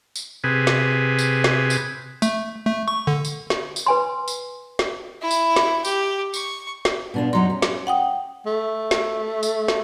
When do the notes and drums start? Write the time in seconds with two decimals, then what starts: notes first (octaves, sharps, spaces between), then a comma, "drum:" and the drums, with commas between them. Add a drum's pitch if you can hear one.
0.16 drum: tambourine
0.44 C3 G#4 B4
0.67 drum: snare
1.19 drum: tambourine
1.44 drum: snare
1.70 drum: tambourine
2.22 A3, drum: tambourine
2.65 A3
2.88 C#6
3.07 D3
3.25 drum: tambourine
3.50 drum: snare
3.76 drum: tambourine
3.86 B4 G#5 C6
4.28 drum: tambourine
4.79 drum: snare
5.22 E4
5.31 drum: tambourine
5.56 drum: snare
5.85 G4, drum: tambourine
6.34 C#6, drum: tambourine
6.85 drum: snare
7.14 B2 D4 F4
7.33 F#2 F#3 D#4 C6
7.50 C#4
7.62 drum: snare
7.87 F#5 G5 D#6
8.46 A3
8.91 drum: snare
9.43 drum: tambourine
9.68 drum: snare